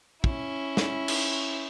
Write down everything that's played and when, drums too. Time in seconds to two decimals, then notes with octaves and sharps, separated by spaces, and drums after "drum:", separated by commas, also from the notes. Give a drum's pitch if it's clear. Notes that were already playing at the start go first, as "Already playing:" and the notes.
0.24 C#4 E4, drum: kick
0.77 drum: snare
1.08 drum: cymbal